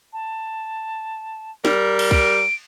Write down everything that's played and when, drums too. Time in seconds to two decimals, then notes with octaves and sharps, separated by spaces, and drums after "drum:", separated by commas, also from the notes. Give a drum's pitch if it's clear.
0.13 A5
1.65 G3 A#4, drum: snare
1.99 drum: cymbal
2.11 D7, drum: kick C2